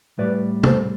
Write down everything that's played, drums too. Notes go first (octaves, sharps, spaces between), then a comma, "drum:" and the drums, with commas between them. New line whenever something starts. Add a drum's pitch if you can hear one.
A2 G3 B4 D5
A4 C5, drum: tom